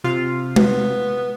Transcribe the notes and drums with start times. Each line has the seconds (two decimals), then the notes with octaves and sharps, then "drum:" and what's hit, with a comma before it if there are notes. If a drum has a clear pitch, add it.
0.04 C3 F4 F5
0.56 B3, drum: tom G#3